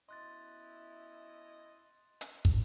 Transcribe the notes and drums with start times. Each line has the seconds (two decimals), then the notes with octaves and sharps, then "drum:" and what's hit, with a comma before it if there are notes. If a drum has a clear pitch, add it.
0.09 B2 C#4 E4 D#5 C6 F#6 A6
2.21 drum: hi-hat
2.45 drum: kick